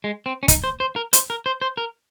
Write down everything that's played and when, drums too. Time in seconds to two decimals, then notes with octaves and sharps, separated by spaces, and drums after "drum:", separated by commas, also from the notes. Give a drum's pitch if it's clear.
0.04 G#3
0.26 C4
0.43 C#4
0.48 D#4, drum: kick, hi-hat
0.64 C5
0.80 C5
0.96 A#4
1.13 C5, drum: hi-hat
1.30 A#4
1.46 C5
1.62 C5
1.77 A#4